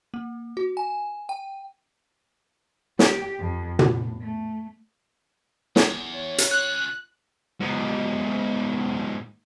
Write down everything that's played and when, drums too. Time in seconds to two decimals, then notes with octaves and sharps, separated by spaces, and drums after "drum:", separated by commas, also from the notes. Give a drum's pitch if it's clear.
0.14 A#3
0.57 F#4
0.77 G#5
1.29 G5
2.99 G4, drum: snare
3.39 F2
3.79 A2, drum: tom
4.21 A3
5.76 E2, drum: snare
6.15 C#5
6.38 drum: hi-hat
6.51 C#4 F4 F#6
7.60 G#2 B3